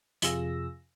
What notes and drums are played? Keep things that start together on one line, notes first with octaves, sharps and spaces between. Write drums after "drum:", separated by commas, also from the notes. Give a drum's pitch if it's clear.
F2 C3 F4 G#4 E6 A#6, drum: hi-hat